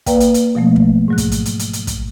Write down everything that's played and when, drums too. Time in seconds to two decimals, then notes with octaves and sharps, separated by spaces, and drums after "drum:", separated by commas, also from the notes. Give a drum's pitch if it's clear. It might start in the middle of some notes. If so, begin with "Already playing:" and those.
0.06 A#3 B4 D5 F5 G5, drum: kick, hi-hat
0.20 drum: hi-hat
0.34 drum: hi-hat
0.55 B2 F3 F#3 A3 A#3
0.76 drum: kick
1.08 G#2 F#3 F#6
1.18 drum: kick, hi-hat
1.32 drum: hi-hat
1.45 drum: hi-hat
1.59 drum: hi-hat
1.73 drum: hi-hat
1.87 drum: kick, hi-hat